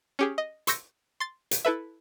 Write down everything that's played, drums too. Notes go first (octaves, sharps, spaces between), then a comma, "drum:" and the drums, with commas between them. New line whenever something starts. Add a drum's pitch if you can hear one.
C#4 G4 G#4
D#5
C6 C#6 E6 G6 A#6 C#7, drum: hi-hat
C6 A6
drum: hi-hat
E4 A4 B4 E5